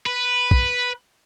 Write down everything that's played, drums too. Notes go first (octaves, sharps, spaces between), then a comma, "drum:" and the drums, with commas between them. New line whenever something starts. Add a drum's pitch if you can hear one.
B4
drum: kick B1